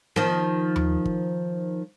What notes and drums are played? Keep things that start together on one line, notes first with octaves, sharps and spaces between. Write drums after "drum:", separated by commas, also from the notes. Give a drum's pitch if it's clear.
D#3 F3, drum: snare B3
drum: tom D#2
drum: kick